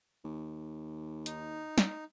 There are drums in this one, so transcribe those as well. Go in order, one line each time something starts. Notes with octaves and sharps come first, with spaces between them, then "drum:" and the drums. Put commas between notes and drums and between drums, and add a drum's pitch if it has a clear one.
D#2
D#4, drum: hi-hat
drum: snare